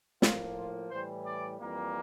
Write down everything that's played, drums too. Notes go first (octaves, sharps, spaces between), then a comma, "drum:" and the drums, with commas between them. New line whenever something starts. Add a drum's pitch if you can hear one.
A2 F3 A#3 F4, drum: snare
F4
A2 E3 G3 C5
D5
F2 E3 G3 A#3